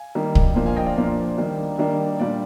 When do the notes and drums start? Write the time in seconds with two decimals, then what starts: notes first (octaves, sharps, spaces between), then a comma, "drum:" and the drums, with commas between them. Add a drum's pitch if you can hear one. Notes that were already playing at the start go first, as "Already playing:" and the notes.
Already playing: F5 G#5
0.15 D#3 G3 A#3
0.35 drum: kick
0.55 A#2 F3 A#3 D4
0.66 F5 G#5
0.76 D#5 G5
0.86 D5 F5
0.97 A#2 F3 A#3 D4
1.38 D#3 G3 A#3 D4
1.78 D#3 G3 A#3 D4
2.20 A#2 G3 D4 D5 F5